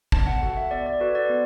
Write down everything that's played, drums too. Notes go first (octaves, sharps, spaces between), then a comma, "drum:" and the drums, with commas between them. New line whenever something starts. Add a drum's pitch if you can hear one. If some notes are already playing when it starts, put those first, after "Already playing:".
B3 A5, drum: kick
F#5
F#4 A4 F#5
E5
B3 D5
D5
F#4 A4 B4
D5
B3